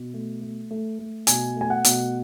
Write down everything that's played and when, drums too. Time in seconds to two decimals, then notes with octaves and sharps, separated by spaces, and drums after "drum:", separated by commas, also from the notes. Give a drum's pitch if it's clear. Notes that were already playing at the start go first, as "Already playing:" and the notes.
Already playing: B2
0.14 A3
0.41 A3
0.71 A3
0.99 A3
1.27 B2 G#5, drum: hi-hat
1.56 A3 G#5
1.70 F#5
1.85 B2, drum: hi-hat